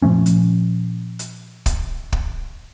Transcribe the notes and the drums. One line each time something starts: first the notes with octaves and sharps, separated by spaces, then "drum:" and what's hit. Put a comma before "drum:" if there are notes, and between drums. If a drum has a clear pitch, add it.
A#2 F3 A3 C#4
drum: hi-hat
drum: hi-hat
drum: kick, hi-hat
drum: kick